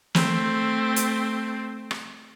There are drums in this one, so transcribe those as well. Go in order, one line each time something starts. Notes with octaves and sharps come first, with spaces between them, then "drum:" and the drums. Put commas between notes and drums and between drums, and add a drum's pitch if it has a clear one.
A3 C4, drum: snare
drum: hi-hat
drum: rim click